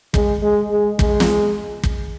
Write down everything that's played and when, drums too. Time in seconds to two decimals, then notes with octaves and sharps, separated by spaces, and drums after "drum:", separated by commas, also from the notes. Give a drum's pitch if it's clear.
0.14 G#3, drum: kick
0.42 G#3
0.71 G#3
0.99 G#3, drum: kick
1.20 drum: snare
1.83 drum: kick